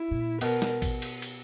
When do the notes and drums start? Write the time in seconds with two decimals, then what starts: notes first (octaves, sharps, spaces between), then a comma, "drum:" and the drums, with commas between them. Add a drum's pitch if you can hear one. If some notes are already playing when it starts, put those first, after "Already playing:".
Already playing: E4
0.11 A#2
0.41 B2 A#4, drum: cymbal
0.62 drum: snare
0.82 drum: kick A1, cymbal
1.02 drum: cymbal
1.22 drum: cymbal